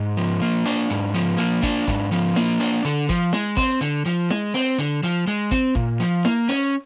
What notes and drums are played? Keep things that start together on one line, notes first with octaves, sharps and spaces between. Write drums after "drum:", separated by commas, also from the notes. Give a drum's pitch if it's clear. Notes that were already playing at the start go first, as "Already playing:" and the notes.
Already playing: G#2
F3
A#3
D4, drum: open hi-hat
G#2, drum: hi-hat
F3, drum: hi-hat
A#3, drum: hi-hat
D4, drum: kick, hi-hat
G#2, drum: kick, hi-hat
F3, drum: hi-hat
A#3, drum: snare E4
D4, drum: open hi-hat
D3, drum: hi-hat
F3, drum: kick, hi-hat
G#3, drum: snare E4
C4, drum: kick, open hi-hat
D3, drum: hi-hat
F3, drum: hi-hat
G#3, drum: snare E4
C4, drum: open hi-hat
D3, drum: hi-hat
F3, drum: hi-hat
G#3, drum: hi-hat
C4, drum: kick, hi-hat
A#2, drum: kick
F3, drum: hi-hat
A#3, drum: snare E4
C#4, drum: open hi-hat